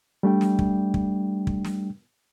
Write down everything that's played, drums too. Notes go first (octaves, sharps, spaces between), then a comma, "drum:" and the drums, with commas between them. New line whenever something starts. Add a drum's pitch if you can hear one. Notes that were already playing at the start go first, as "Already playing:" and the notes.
G3 A3 D4 G5
drum: snare
drum: kick
drum: kick
drum: kick
drum: snare